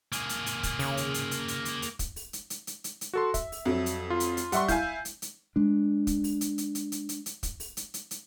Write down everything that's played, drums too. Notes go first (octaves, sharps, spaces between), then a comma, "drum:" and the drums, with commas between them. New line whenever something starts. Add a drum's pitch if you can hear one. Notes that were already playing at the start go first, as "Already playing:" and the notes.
A#3 G#4, drum: hi-hat
drum: hi-hat
drum: hi-hat
drum: kick, hi-hat
C#3, drum: open hi-hat
drum: hi-hat
drum: hi-hat
drum: hi-hat
drum: hi-hat
drum: hi-hat
drum: hi-hat
drum: kick, hi-hat
drum: open hi-hat
drum: hi-hat
drum: hi-hat
drum: hi-hat
drum: hi-hat
drum: hi-hat
F#4 A4 C6
E5, drum: kick, hi-hat
drum: open hi-hat
F2 F#3
drum: hi-hat
F4
drum: hi-hat
drum: hi-hat
G3 E5 F#5 C6 C#6, drum: hi-hat
E4 F5 G#5 G6, drum: kick, hi-hat
drum: hi-hat
drum: hi-hat
G#3 D4
drum: kick, hi-hat
drum: open hi-hat
drum: hi-hat
drum: hi-hat
drum: hi-hat
drum: hi-hat
drum: hi-hat
drum: hi-hat
drum: kick, hi-hat
drum: open hi-hat
drum: hi-hat
drum: hi-hat
drum: hi-hat